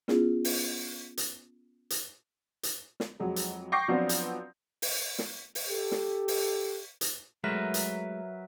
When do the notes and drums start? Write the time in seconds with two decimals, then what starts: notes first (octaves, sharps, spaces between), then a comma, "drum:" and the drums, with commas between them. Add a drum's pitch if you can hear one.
0.08 B3 C#4 E4 F4 G#4, drum: snare
0.45 drum: open hi-hat
1.17 drum: hi-hat
1.90 drum: hi-hat
2.63 drum: hi-hat
3.00 drum: snare
3.20 F2 F#3 G#3
3.36 drum: hi-hat
3.72 G5 C#6 D6 G6 A#6 C7
3.88 F3 F#3 B3 C4 D4 F4
4.09 drum: hi-hat
4.82 drum: open hi-hat
5.19 drum: snare
5.55 drum: open hi-hat
5.69 G4 A4
5.92 drum: snare
6.28 drum: open hi-hat
7.01 drum: hi-hat
7.44 F#3 G#3 A3 A#4 B4 E5
7.74 drum: hi-hat